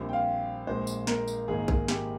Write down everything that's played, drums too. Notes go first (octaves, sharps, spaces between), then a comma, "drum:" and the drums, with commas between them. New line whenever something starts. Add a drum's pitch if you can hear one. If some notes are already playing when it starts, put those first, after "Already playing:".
Already playing: A#1 A#2 G3 C4 C5
G5
F5
A#1 A#2 G#3 C5
drum: tambourine
A#4, drum: snare
drum: tambourine
G#1 G#2 D#3 A#3 G#4
drum: kick A#1
G4, drum: snare